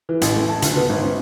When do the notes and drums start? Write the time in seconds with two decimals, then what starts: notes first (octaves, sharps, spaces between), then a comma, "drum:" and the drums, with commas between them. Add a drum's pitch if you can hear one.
0.09 E3
0.21 A1, drum: hi-hat
0.35 A3
0.49 A5
0.62 D2, drum: hi-hat
0.77 B3
0.89 G#1
1.03 C#4